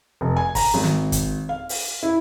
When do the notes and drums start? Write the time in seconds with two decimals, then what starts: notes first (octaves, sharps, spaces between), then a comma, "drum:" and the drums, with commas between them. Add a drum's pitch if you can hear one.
0.21 F1
0.37 G#5
0.55 A#5, drum: kick, open hi-hat
0.74 G#1
0.84 drum: snare
1.12 drum: kick, hi-hat
1.49 F5
1.69 drum: open hi-hat
2.03 E4